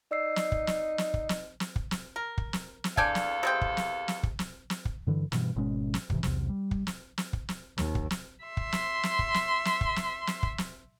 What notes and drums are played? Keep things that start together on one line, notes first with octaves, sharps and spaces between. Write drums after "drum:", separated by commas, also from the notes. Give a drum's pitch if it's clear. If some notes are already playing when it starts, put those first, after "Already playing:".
D#4 D5 E6 C7
drum: snare
drum: kick
drum: snare
drum: snare
drum: kick
drum: snare
drum: snare
drum: kick
drum: snare
A#4
drum: kick
drum: snare
drum: snare
E2 D4 A4 F5 G5 G#5, drum: kick
drum: snare
C3 G#3 G5
drum: kick
drum: snare
drum: snare
drum: kick
drum: snare
drum: snare
drum: kick
G2 D3 E3
G2 B2 E3, drum: snare
G#1 B2 G#3 C#4
drum: snare
G#2 C3 E3, drum: kick
B1 E2 C3, drum: snare
G3
drum: kick
drum: snare
drum: snare
drum: kick
drum: snare
D#2, drum: snare
drum: kick
drum: snare
E5 C6
drum: kick
drum: snare
drum: snare
drum: kick
drum: snare
drum: snare
drum: kick
drum: snare
drum: snare
drum: kick
drum: snare